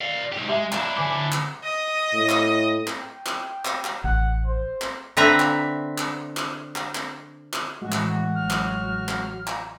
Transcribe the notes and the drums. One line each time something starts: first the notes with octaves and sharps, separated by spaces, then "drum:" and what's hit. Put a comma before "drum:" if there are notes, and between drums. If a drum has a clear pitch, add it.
D5 F5
G#2 G4
G#3 G4 E5
D4 E4, drum: clap
D3 G#5 D6
drum: clap
D#5
A2
drum: clap
drum: clap
G5
drum: clap
drum: clap
drum: clap
A1 F#5
C5
drum: clap
D3 C4 B4 E5 A#5
drum: clap
drum: clap
drum: clap
drum: clap
drum: clap
drum: clap
A2 E3 G#3 F#4
drum: clap
A1 F#3 F6
drum: clap
drum: clap
drum: clap